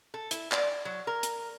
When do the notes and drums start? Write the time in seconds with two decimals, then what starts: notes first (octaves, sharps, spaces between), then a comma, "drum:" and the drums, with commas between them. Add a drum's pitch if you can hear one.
0.14 A4
0.31 E4, drum: hi-hat
0.52 D5, drum: clap
0.85 F#3
1.07 A#4
1.23 drum: hi-hat